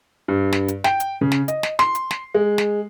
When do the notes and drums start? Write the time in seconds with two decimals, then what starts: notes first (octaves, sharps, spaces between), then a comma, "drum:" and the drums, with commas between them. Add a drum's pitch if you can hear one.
0.28 G2
0.52 drum: snare
0.68 drum: hi-hat
0.84 G5, drum: snare
1.00 drum: hi-hat
1.21 C#3
1.32 drum: snare
1.48 D#5, drum: hi-hat
1.63 drum: snare
1.79 C6, drum: snare
1.95 drum: hi-hat
2.11 drum: snare
2.34 G#3
2.58 drum: snare